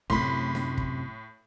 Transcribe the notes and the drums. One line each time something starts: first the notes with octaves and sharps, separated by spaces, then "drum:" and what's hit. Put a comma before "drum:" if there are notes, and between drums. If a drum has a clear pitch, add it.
F#2 A2 C3 B5 C6, drum: kick
drum: snare
drum: kick